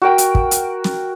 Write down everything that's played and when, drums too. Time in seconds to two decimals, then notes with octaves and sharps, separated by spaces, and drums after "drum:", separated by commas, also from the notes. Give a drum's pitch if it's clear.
0.02 F#4 A#4 G5
0.18 drum: hi-hat
0.35 drum: kick
0.51 drum: hi-hat
0.84 drum: snare